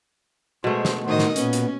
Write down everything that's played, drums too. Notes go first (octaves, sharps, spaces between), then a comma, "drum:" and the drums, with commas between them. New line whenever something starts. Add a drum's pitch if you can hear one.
B2 G#3 A3 C5
drum: snare
A2 D#3 F#4 C5 D#5
drum: snare
A#2 B3 C#4, drum: hi-hat
drum: hi-hat